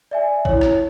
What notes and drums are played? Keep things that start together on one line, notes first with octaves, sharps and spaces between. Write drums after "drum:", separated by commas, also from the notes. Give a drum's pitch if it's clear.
D5 E5 G#5
E4 C#5, drum: kick A1
drum: rim click